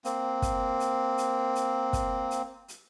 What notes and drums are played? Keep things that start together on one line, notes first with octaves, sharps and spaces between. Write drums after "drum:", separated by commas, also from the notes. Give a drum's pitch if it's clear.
A#3 C4, drum: hi-hat
drum: kick, hi-hat
drum: hi-hat
drum: hi-hat
drum: hi-hat
drum: kick, hi-hat
drum: hi-hat
drum: hi-hat